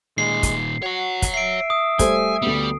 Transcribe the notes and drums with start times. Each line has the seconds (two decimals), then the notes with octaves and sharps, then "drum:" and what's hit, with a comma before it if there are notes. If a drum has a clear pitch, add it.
0.18 A#2 D#3 G#3 C7
0.43 drum: kick, hi-hat
0.83 F#4 C#5 F#5
1.22 drum: kick, hi-hat
1.34 E5 C7 D7
1.70 D#6
1.99 G3 A3 C5 G#5, drum: kick, hi-hat
2.42 D2 G3 B3